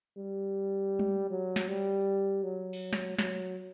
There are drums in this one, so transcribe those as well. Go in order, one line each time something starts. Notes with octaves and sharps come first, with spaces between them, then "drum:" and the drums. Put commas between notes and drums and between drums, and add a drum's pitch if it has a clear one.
G3
drum: tom G3
F#3
drum: snare
G3
F#3
drum: cymbal
drum: snare
F#3, drum: snare